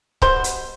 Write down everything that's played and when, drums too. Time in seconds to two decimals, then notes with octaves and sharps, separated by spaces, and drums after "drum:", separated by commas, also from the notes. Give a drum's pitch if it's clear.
0.22 B2 G3 B3 C5, drum: kick C#1
0.44 drum: hi-hat